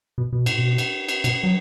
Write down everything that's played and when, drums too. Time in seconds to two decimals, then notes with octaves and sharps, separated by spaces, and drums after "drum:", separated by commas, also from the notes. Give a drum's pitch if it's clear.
0.18 B2
0.33 B2
0.46 A2, drum: cymbal
0.58 B2
0.78 drum: cymbal
1.09 drum: cymbal
1.24 B2, drum: cymbal
1.43 F#3